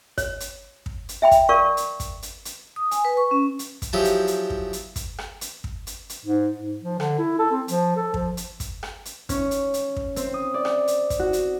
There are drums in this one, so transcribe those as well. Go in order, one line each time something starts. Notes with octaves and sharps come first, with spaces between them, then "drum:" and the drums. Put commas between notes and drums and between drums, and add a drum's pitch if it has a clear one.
C#5, drum: kick, hi-hat
drum: hi-hat
drum: kick
drum: hi-hat
E5 G5 B5
drum: kick, hi-hat
A#4 D5 F5 C#6
drum: hi-hat
drum: kick, hi-hat
drum: hi-hat
drum: hi-hat
D#6
G#5, drum: hi-hat
B4
C#6
C#4
drum: hi-hat
drum: kick, hi-hat
F3 F#3 E4 G4 G#4
drum: hi-hat
drum: hi-hat
drum: kick
drum: hi-hat
drum: kick, hi-hat
drum: rim click
drum: hi-hat
drum: kick
drum: hi-hat
drum: hi-hat
G#2
G#2
F3
D3, drum: rim click
E4
A4
C4
F3, drum: hi-hat
A4
F3, drum: kick
drum: hi-hat
drum: kick, hi-hat
drum: rim click
drum: hi-hat
C#4, drum: kick, hi-hat
drum: hi-hat
drum: hi-hat
drum: kick
C4, drum: hi-hat
D#6
D5
drum: rim click
drum: hi-hat
drum: kick, hi-hat
F#4
drum: hi-hat